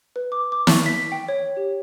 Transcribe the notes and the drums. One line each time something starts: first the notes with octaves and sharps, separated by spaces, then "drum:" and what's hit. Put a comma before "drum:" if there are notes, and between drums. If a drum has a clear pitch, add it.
B4
D6
D6
C#6, drum: snare
B6
G5
C#5
G4